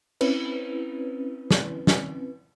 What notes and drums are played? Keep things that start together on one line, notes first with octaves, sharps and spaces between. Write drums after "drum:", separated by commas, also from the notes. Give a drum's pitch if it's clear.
C4 C#4 E4 B4, drum: cymbal
drum: snare
drum: snare